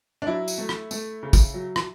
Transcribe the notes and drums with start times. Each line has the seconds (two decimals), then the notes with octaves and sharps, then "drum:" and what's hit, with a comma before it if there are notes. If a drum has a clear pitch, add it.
0.22 D4
0.27 F#3 E4
0.48 drum: tambourine
0.58 A3
0.69 drum: rim click
0.91 A3, drum: tambourine
1.23 C#3
1.33 drum: kick, tambourine
1.54 F#3
1.76 drum: rim click